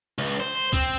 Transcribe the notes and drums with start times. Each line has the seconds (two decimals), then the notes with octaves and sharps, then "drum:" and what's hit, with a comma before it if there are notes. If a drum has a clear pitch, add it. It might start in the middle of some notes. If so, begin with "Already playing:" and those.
0.18 C#2
0.40 C5
0.73 C4, drum: kick